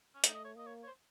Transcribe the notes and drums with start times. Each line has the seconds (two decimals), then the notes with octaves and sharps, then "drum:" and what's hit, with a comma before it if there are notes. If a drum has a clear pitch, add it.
0.15 C#4
0.24 A3 D#4, drum: hi-hat
0.35 D#5
0.45 C#5
0.56 A#3 D#5
0.67 C#5
0.83 C#5
0.87 C5